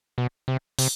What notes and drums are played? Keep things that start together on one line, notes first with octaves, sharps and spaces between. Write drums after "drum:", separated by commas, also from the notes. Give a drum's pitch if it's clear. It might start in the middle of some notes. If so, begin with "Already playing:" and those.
B2
C3
C3, drum: open hi-hat